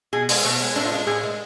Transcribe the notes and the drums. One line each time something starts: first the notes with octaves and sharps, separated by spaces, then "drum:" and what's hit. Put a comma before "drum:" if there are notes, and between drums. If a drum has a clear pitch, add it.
B2 G#4
G#3, drum: open hi-hat
B2 A3
G#3 B3
A2 D4
F4
G#3 D4
A2 G#4
G#3